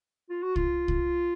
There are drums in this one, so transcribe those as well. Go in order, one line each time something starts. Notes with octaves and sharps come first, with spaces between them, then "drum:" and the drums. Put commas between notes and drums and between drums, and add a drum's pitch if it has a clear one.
F4
F#4
F4, drum: kick C2
drum: kick C2